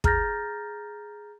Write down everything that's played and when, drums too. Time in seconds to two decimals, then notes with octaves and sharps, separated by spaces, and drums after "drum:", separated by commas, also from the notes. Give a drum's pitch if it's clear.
0.04 G#4 A#5 F6 G6 A6 A#6, drum: kick